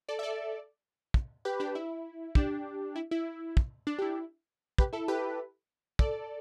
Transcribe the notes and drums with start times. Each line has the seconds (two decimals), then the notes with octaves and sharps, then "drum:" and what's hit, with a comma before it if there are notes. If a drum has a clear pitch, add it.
0.09 A4 D5
0.19 E5
0.23 A4 D5
1.14 drum: kick
1.45 G4 B4
1.60 D4 G4
1.75 E4
2.35 D4 G4, drum: kick
2.96 E4
3.11 E4
3.57 drum: kick
3.87 D4
3.99 G4
4.02 E4
4.78 G4 B4, drum: kick
4.93 E4 A4
5.08 G4 B4
5.99 A4 D5, drum: kick